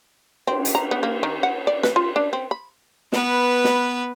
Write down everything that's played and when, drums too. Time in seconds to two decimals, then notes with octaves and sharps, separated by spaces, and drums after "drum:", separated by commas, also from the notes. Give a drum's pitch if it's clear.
0.47 C4, drum: cymbal
0.65 drum: hi-hat
0.75 A#5
0.91 B3
1.03 A#3
1.23 D#3
1.43 F#5
1.67 D5
1.83 B4, drum: snare
1.96 F4
2.16 D4
2.33 C4
2.51 B5
3.12 B3 B4, drum: snare
3.64 drum: snare